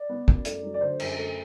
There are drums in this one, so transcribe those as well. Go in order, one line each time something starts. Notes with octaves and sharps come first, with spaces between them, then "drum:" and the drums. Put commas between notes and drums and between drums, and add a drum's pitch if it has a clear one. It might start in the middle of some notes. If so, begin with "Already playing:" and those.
Already playing: D5
B3
F#2, drum: kick
A3, drum: hi-hat
F#3
D5
D3 C5
F#2, drum: cymbal
A3